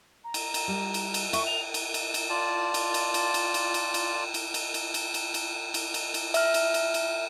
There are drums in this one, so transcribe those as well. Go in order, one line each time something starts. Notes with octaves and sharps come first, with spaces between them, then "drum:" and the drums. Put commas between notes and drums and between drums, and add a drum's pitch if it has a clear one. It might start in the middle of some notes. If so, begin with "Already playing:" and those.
A#5
drum: cymbal
drum: cymbal
G3
drum: cymbal
drum: cymbal
E5 C#6, drum: cymbal
F7
drum: cymbal
drum: cymbal
drum: cymbal
F4 D5 A5
drum: cymbal
drum: cymbal
drum: cymbal
drum: cymbal
drum: cymbal
drum: cymbal
drum: cymbal
drum: cymbal
drum: cymbal
drum: cymbal
drum: cymbal
drum: cymbal
drum: cymbal
drum: cymbal
drum: cymbal
drum: cymbal
E5 F6, drum: cymbal
drum: cymbal
drum: cymbal
drum: cymbal